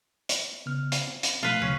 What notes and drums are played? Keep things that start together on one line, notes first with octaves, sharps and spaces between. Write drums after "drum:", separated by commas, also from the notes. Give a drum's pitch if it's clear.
drum: hi-hat
C#3 B3 F6
drum: hi-hat
C4
drum: hi-hat
B2 F3 A3 F4 B4
D2 C#3 F#3 C#4